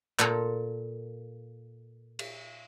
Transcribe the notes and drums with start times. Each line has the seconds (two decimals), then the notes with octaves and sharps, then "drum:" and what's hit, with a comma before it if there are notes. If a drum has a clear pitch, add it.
0.19 A#2 A4 A#5, drum: clap
2.19 drum: cymbal